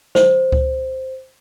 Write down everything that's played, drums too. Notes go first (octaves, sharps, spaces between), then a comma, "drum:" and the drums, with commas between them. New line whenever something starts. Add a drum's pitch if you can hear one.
C5, drum: snare
drum: kick C#2